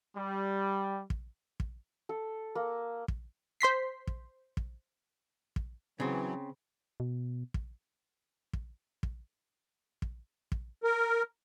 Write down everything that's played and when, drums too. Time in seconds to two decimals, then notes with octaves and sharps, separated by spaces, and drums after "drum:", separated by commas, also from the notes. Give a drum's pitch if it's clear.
0.15 G3
1.10 drum: kick
1.60 drum: kick
2.09 A4
2.55 A#3
3.08 drum: kick
3.61 C5 C6 B6 C7
4.07 drum: kick
4.57 drum: kick
5.56 drum: kick
6.00 C#3 E3 F#3 C4
7.00 B2
7.54 drum: kick
8.53 drum: kick
9.03 drum: kick
10.02 drum: kick
10.52 drum: kick
10.83 A#4